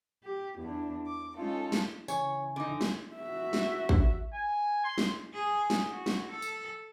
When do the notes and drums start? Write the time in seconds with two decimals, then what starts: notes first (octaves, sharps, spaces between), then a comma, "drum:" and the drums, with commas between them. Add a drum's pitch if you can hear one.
0.24 G4
0.59 E2 D4
1.06 D6
1.37 G#3 C#4 D#4 F4 A4
1.72 drum: snare
2.08 C#3 E3 C#5 G#5, drum: tambourine
2.56 D3 D#4
2.81 drum: snare
3.16 F#4 E5
3.53 drum: snare
3.89 drum: kick A1
4.33 G#5
4.84 C6
4.98 drum: snare
5.34 G#4
5.70 drum: snare
5.90 F#4
6.06 drum: snare
6.30 A4
6.42 drum: tambourine